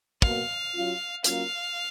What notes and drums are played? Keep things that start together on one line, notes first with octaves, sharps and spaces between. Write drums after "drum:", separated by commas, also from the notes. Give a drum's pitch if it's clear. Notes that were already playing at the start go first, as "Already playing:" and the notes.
B2 F#3 A#3 F5, drum: kick
F#3 C#4 F4
F#3 A#3 C#4 F4 F5, drum: hi-hat